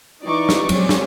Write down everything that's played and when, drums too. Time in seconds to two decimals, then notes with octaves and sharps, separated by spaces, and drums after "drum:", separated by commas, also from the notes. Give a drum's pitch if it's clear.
0.24 E3 D#4 D5 C#6 D6
0.49 drum: snare
0.69 F2 F#3 G#3 C4 C#4, drum: cymbal
0.89 drum: snare